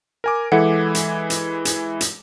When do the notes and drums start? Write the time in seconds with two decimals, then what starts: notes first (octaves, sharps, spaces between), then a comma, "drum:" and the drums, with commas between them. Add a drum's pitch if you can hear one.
0.24 A#4 G#5 D6
0.52 E3 G#3 E4 A4 F#5
0.95 drum: hi-hat
1.30 drum: hi-hat
1.65 drum: hi-hat
2.01 drum: hi-hat